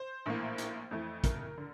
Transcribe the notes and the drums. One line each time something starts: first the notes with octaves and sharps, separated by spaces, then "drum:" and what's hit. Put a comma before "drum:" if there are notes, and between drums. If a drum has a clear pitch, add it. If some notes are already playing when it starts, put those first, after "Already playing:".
Already playing: C5
A#1 A2 E3 A#3
drum: hi-hat
F2 E3 A3
A#4, drum: kick, hi-hat
D3